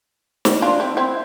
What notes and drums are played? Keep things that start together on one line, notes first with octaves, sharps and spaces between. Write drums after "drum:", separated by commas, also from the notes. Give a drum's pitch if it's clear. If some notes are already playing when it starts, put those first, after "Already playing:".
drum: snare
D4 F4
C4 E4
C4 E4